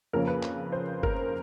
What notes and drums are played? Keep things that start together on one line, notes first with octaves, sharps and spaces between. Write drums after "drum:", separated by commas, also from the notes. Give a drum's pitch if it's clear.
F2 C#3 F3 A#3 C#4 A#4
B4
drum: clap
C5
A#4, drum: kick